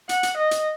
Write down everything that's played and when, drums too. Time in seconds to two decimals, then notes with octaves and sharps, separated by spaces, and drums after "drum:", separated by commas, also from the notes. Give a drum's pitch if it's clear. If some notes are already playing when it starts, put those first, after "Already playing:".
0.09 F#5, drum: hi-hat
0.23 drum: hi-hat
0.37 D#5
0.51 drum: hi-hat